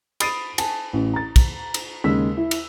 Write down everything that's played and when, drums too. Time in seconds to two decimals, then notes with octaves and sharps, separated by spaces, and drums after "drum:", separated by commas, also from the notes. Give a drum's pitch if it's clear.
0.20 B5 D#6 A6 C7 D7 D#7, drum: cymbal
0.58 G#5 A5, drum: cymbal
0.93 A1
1.14 A#5 A6
1.36 drum: kick, cymbal
1.74 drum: cymbal
2.04 D#2 C#3 G#3 E6 B6
2.37 E4
2.51 drum: cymbal